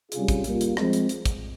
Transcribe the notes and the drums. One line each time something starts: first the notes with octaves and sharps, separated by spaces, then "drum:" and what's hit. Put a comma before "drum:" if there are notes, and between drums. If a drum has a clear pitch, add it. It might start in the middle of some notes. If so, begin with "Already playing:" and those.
C3 G3 C#4 F4 G#4, drum: hi-hat
drum: kick, hi-hat
G3 A#3 F4, drum: hi-hat
drum: hi-hat
F3 G#3 C4, drum: rim click
drum: hi-hat
drum: hi-hat
drum: kick, hi-hat